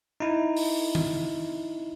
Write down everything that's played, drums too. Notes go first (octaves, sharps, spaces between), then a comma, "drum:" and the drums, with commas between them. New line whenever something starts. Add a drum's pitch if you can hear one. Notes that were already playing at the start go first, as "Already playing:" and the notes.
D#4 E4
drum: open hi-hat
drum: tom D#3